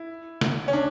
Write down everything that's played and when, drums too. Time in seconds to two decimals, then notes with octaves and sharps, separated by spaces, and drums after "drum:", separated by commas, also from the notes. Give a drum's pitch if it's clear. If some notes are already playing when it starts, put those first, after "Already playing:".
Already playing: E4
0.41 drum: snare
0.68 C#4
0.73 D4